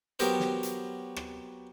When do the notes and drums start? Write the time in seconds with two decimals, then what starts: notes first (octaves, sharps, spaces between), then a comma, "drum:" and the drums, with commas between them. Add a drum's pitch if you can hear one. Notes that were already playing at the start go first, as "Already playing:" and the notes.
0.19 F#3 B3 G4 A#4 C5, drum: hi-hat
0.40 drum: snare
0.63 drum: hi-hat
1.16 drum: rim click